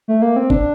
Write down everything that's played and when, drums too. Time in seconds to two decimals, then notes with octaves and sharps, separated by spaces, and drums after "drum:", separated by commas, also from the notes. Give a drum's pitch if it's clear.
0.08 A3
0.22 A#3
0.36 C4
0.50 D4, drum: kick F#1